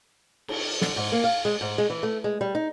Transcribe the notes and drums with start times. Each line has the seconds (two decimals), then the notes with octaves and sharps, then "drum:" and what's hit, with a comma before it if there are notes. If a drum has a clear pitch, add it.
0.48 drum: cymbal
0.81 D3, drum: snare
0.96 G#2
1.12 A#3
1.24 F5
1.45 G#3
1.61 G#2
1.78 G#3
1.90 E3
2.03 A3
2.24 G#3
2.41 G3
2.55 D#4